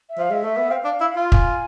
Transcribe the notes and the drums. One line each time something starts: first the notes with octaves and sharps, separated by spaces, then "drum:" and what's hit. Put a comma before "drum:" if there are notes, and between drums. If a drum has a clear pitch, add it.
E5
F3 F5
G#3 E5
A3
B3
C4 F5
D4
E4
F4
G#5, drum: kick